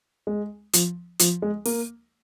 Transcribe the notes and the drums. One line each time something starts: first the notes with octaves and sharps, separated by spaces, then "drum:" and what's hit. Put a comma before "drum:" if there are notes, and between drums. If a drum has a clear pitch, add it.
G#3
F3, drum: hi-hat
F3, drum: hi-hat
G#3
A#3, drum: open hi-hat